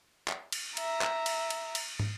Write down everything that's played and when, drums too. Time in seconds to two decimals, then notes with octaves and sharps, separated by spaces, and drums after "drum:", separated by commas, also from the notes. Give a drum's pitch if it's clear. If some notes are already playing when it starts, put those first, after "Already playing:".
0.28 drum: clap
0.52 drum: cymbal
0.77 E5 A#5, drum: cymbal
1.01 drum: clap
1.26 drum: cymbal
1.50 drum: cymbal
1.75 drum: cymbal
1.99 drum: tom